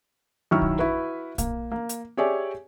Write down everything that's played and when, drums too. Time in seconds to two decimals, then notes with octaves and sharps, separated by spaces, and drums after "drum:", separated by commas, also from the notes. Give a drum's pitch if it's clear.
0.51 F#2 D#3 E4 C#6 E6 F6
0.62 drum: kick A#1
0.79 E4 F#4 B4
1.38 A#3, drum: kick A#1, hi-hat
1.72 A#3
1.89 drum: hi-hat
2.17 G4 G#4 C#5 D5 E5 G#5